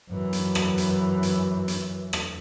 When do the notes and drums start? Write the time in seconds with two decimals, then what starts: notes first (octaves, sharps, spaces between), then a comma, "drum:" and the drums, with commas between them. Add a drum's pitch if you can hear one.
0.10 F#2 E3
0.33 drum: hi-hat
0.55 drum: rim click
0.78 drum: hi-hat
1.23 drum: hi-hat
1.68 drum: hi-hat
2.13 drum: rim click